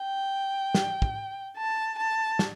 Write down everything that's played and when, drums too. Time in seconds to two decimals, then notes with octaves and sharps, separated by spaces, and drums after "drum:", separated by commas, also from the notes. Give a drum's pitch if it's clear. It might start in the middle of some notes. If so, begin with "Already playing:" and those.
Already playing: G5
0.75 drum: snare
1.02 drum: kick
1.57 A5
1.98 A5
2.39 drum: snare